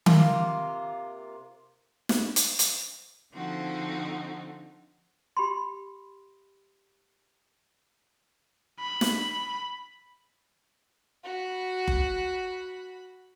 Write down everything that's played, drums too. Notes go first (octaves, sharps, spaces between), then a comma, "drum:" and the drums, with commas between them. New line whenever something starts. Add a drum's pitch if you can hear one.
C3 A#3 F4, drum: tom D#3
drum: snare
drum: hi-hat
drum: hi-hat
D3 F3 C4 D#4 F#4
G4 B5 C6
B5
drum: snare
F#4 B5
drum: kick F#1